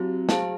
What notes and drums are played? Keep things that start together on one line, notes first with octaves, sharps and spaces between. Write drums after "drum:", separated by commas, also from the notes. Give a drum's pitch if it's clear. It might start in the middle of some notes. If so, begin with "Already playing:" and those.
Already playing: F#3 C4 E4 G4
G#4 C5 F5 A5, drum: snare